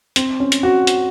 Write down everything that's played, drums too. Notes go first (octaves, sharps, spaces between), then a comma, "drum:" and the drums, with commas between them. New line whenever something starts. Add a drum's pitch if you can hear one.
C4, drum: hi-hat
C#4
drum: hi-hat
F#4
drum: hi-hat